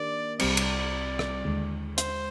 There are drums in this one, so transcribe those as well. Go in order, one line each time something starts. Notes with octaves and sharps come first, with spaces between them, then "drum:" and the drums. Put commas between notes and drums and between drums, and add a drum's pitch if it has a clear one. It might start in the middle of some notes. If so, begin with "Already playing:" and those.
Already playing: D#3 A#3 D4 G4 A#4 D5
C2 C3 G3 C4 D5, drum: cymbal
drum: cymbal
drum: rim click
D#2 D3 G#3
C5, drum: hi-hat